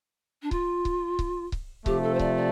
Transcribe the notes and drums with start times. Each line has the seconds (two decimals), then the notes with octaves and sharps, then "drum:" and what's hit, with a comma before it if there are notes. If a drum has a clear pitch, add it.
0.42 D4
0.51 F4, drum: kick C#1
0.85 drum: kick C#1
1.19 drum: kick C#1
1.52 drum: kick C#1
1.86 C3 F3 A3 G4, drum: kick C#1
2.03 A4
2.14 C5
2.19 D5, drum: kick C#1
2.36 D5